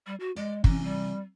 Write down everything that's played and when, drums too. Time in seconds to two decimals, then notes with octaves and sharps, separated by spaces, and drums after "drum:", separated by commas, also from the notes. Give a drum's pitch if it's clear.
0.06 G3
0.20 F#4
0.36 G#3 D5
0.64 C3 E3 C#4, drum: kick
0.84 G3